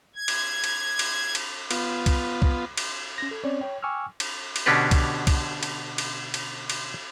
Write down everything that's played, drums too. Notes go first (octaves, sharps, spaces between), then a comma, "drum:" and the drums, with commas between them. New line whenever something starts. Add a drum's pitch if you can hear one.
G#6
drum: cymbal
drum: cymbal
drum: cymbal
drum: cymbal
B3 F4, drum: cymbal
drum: kick C2, cymbal
drum: kick C2
drum: cymbal
C#4 A#6
A4
C4 C#4 C#5 D5
C#5 G5
G5 G#5 C#6 D6 E6 F6
drum: cymbal
drum: cymbal
B2 D3 C#4 D4 G4 B4
drum: kick C2, cymbal
drum: kick C2, cymbal
drum: cymbal
drum: cymbal
drum: cymbal
drum: cymbal